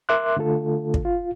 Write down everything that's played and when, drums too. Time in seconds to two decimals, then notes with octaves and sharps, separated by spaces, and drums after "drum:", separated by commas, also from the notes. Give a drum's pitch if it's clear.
0.09 A#4 E5 C6 D6 F#6
0.37 D3 A3 F4 A4
0.94 drum: kick
1.05 F4